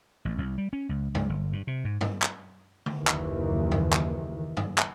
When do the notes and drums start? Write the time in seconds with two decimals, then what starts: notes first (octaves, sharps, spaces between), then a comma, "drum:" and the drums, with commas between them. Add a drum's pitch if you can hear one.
0.25 A1
0.38 C2
0.58 G3
0.73 C#4
0.89 C#2
1.15 C#2, drum: tom G2
1.29 G1
1.53 G2
1.67 C3
1.85 G#2
2.01 drum: tom G2
2.22 drum: clap
2.86 drum: tom D3
2.97 F#1 D#2 D#3 E3
3.07 drum: clap
3.71 drum: tom G2
3.93 drum: clap
4.57 drum: tom G2
4.78 drum: clap